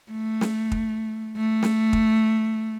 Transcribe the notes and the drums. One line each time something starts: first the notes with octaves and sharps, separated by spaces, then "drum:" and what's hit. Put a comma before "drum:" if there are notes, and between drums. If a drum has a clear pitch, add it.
A3
drum: snare
drum: kick
A3
drum: snare
drum: kick